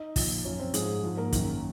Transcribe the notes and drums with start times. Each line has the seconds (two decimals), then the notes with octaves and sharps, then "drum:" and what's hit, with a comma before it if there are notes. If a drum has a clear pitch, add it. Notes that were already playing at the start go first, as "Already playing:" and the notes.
Already playing: D#4 D#5
0.16 A#2 F3, drum: kick, open hi-hat
0.45 F#2 F3 C#4 C#5
0.59 C4 C5
0.74 G#2 F3 G#3 G#4, drum: hi-hat
1.03 G#2 F3
1.17 A#3 A#4
1.33 F#2 D#3, drum: kick, hi-hat